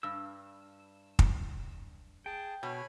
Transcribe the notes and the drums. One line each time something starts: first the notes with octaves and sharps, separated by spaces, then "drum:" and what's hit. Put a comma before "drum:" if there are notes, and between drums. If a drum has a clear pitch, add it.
G2 E6
drum: kick
G#4 G5 A5
B2 C#5 G#5 B5